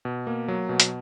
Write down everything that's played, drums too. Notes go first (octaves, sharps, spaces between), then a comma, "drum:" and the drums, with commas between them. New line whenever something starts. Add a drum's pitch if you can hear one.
B2
A#3
F#3
B2
drum: hi-hat